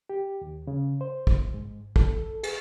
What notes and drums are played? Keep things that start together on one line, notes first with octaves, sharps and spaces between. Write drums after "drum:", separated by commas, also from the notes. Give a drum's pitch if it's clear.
G4
D#2
C#3
C5
drum: kick
G#2
A4, drum: kick
G#4, drum: cymbal